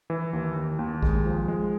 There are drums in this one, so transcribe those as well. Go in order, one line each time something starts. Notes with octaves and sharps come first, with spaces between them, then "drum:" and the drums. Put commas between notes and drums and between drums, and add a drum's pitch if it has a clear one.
E3
D#2
D#2
D#2
G#3, drum: kick A1
F3
G#3